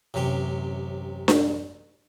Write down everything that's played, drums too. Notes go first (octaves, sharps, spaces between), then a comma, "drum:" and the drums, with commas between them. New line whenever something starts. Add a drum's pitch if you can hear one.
A1 F#2 C3 G4
drum: snare D4